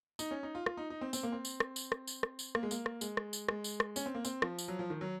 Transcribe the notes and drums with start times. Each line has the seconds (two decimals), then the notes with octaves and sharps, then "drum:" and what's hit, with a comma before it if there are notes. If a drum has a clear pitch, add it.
0.19 D#4, drum: tambourine
0.31 C#4
0.43 D#4
0.55 F4
0.66 F4, drum: rim click
0.77 D#4
0.90 D#4
1.01 C4
1.13 C4, drum: tambourine
1.23 A#3
1.32 C4
1.45 drum: tambourine
1.60 drum: rim click
1.76 drum: tambourine
1.92 drum: rim click
2.07 drum: tambourine
2.23 drum: rim click
2.39 drum: tambourine
2.55 A#3, drum: rim click
2.63 G#3
2.71 A#3, drum: tambourine
2.86 drum: rim click
3.01 G#3, drum: tambourine
3.17 drum: rim click
3.33 drum: tambourine
3.49 G#3, drum: rim click
3.64 drum: tambourine
3.80 drum: rim click
3.96 C#4, drum: tambourine
4.06 C4
4.15 A#3
4.25 C4, drum: tambourine
4.42 F3, drum: rim click
4.58 drum: tambourine
4.68 F#3
4.79 F3
4.90 D#3
5.01 F#3